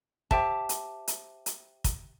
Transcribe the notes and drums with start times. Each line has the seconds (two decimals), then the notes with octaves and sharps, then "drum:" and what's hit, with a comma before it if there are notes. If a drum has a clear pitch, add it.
0.31 G4 C5 E5 A5, drum: kick
0.69 drum: hi-hat
1.08 drum: hi-hat
1.46 drum: hi-hat
1.84 drum: kick, hi-hat